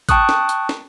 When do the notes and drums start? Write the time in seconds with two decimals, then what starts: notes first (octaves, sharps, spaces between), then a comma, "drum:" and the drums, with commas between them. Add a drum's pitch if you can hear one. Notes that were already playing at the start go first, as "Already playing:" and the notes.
0.09 G5 A5 C#6 D#6 F#6, drum: kick G#1, hi-hat
0.29 drum: snare
0.49 drum: hi-hat
0.69 drum: snare